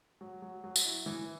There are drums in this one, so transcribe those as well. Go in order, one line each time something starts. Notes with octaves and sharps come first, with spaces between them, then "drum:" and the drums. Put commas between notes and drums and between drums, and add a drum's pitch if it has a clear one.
F#3
F#3
F#3
drum: tambourine
E4
E3